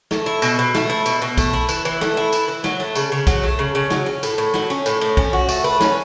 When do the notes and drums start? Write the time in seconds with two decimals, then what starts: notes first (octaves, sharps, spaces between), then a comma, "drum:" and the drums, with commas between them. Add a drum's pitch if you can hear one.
0.11 A3, drum: snare
0.26 E4
0.42 B2, drum: tambourine
0.59 B2
0.75 A3, drum: snare
0.90 E4
1.06 B2, drum: tambourine
1.22 B2
1.37 A3, drum: kick, tambourine
1.53 E4
1.69 E3, drum: tambourine
1.85 E3
2.01 A3, drum: snare
2.17 E4
2.33 E3, drum: tambourine
2.48 E3
2.64 F#3, drum: snare
2.80 A3
2.95 C#3, drum: tambourine
3.12 C#3
3.27 F#3, drum: kick, tambourine
3.43 A3
3.59 C#3
3.75 C#3
3.90 F#3, drum: snare
4.06 C#4
4.23 A2, drum: tambourine
4.38 A2
4.54 F#3, drum: snare
4.70 C#4
4.86 A2, drum: tambourine
5.01 A2
5.17 C#4, drum: kick
5.33 F#4
5.49 A3, drum: tambourine
5.64 B4
5.80 C#4, drum: snare